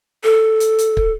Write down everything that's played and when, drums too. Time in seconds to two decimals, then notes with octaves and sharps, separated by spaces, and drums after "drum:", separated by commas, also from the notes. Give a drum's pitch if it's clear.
0.24 A4
0.60 drum: hi-hat
0.79 drum: hi-hat
0.97 drum: kick